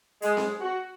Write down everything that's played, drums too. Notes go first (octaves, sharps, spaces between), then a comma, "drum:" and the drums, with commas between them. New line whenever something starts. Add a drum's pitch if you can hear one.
G#3, drum: hi-hat
drum: snare C4
F#4